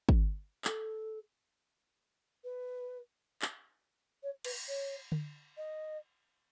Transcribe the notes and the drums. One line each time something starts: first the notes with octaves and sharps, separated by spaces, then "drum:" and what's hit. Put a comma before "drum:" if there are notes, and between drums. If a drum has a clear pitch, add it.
drum: kick
A4, drum: clap
B4
drum: clap
C#5
B4, drum: cymbal
C#5
drum: tom D3
D#5